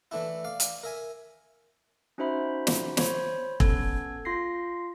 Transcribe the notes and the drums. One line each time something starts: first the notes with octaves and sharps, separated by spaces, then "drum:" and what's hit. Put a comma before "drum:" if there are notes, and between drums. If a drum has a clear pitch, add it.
E3 A3 D4 E4
D5 F5
drum: hi-hat
A#4 E5 G#5
C#4 D#4 F#4 C5 E5 B5
drum: snare
C5 C#5 B5 C#6, drum: snare
B3 C#4 A4 E6 G#6, drum: kick
F4 C6 A#6 C7